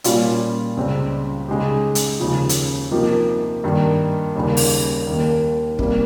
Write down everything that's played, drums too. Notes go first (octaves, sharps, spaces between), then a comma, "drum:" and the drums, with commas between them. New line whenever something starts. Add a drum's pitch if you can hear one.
A#2 G3 C#4 F4, drum: hi-hat
C#2 C#3 G3 C4
C#3 G#3 D#4 G4
drum: hi-hat
D#2 C#3 F3
drum: hi-hat
C3 F3 A#3 D#4 G4
G2 D#3 A#3 D#4
D#2 C#3 G3 A#3
drum: open hi-hat
D#2 D#3 A#3
C3 G3 A#3, drum: kick